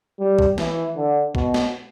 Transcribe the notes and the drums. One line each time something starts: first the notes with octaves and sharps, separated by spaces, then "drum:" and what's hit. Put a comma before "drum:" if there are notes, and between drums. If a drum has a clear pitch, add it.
G3
drum: kick B1
E3, drum: snare
D3
B2, drum: kick B1
drum: snare